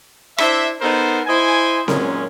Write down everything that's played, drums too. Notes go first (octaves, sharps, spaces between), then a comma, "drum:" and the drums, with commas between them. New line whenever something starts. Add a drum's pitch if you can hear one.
D4 E4 C5 E5, drum: rim click
B3 D#4 A4 A#4 C5
E4 C5 D#5 G#5
F#2 A#2 D#3 G#3 C#4, drum: snare C4